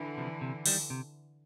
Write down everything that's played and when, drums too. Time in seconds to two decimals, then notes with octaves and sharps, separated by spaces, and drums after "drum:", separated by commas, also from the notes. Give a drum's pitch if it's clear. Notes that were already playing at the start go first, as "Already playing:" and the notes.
Already playing: D3 E3
0.17 C3 F3
0.41 C3
0.66 D#3 G3, drum: open hi-hat
0.90 C3